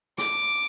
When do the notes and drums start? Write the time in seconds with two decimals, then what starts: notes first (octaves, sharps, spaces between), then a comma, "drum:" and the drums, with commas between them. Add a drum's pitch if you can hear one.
0.18 D6, drum: snare